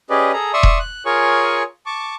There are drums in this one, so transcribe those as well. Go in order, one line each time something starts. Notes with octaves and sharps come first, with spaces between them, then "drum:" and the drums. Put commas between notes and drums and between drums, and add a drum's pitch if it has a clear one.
C#4 G4 G#4 B4 D5 D#5
G#4 A4 A#5
D5 E5 C6 C#6 D#6 E6
drum: kick E1
F#6
F4 G#4 A#4 C#5 G#5 C#6
A5 C#6 D6